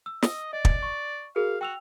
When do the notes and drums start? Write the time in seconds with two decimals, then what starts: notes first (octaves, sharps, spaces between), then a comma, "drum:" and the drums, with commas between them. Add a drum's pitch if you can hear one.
0.06 E6
0.23 D#5, drum: snare
0.53 D5 D#5
0.65 drum: kick
0.83 C#6
1.36 F#4 G#4 A#4 F5
1.61 F#4 G5 E6 F7